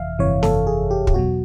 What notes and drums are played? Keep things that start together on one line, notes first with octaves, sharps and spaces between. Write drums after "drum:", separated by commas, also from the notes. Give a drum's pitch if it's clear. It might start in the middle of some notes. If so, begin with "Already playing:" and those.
Already playing: G1 F2 C3 E3 E5 F5
G1 F2 C3 E3 C#5
A4, drum: snare
G#4
G4
G4, drum: kick
E2 B2 F#3 F#4